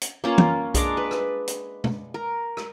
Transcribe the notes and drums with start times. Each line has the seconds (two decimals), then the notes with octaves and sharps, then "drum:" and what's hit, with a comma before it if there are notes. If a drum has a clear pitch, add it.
0.01 drum: hi-hat
0.24 A#3 C#4 F4 F5
0.38 drum: tom
0.74 G#3 D4 A#5 D6, drum: kick B1, hi-hat
0.97 B4
1.11 drum: rim click
1.47 drum: hi-hat
1.84 drum: tom
2.14 A#4
2.57 drum: rim click